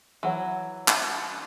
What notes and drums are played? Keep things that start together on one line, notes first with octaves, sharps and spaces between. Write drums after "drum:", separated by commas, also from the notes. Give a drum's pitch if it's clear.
E3 F#3 C#5
drum: clap